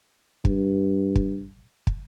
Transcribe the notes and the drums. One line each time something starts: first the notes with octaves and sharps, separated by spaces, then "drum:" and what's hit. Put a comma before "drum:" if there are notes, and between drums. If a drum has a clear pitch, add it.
G2, drum: kick
drum: kick
drum: kick